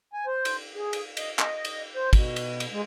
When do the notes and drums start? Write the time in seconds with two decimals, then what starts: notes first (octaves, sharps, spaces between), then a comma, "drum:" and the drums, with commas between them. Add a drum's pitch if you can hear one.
0.13 G#5
0.27 C5
0.45 drum: cymbal
0.75 G#4
0.93 drum: cymbal
1.17 D#5, drum: cymbal
1.39 D#5, drum: clap
1.65 drum: cymbal
1.95 C5
2.13 B2, drum: kick, cymbal
2.36 drum: cymbal
2.60 drum: cymbal
2.72 G#3